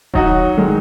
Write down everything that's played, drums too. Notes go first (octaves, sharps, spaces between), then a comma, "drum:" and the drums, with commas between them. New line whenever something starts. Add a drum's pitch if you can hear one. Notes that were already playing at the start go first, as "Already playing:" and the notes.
F#3 D#4 F#4, drum: kick D#1
D#3 G#3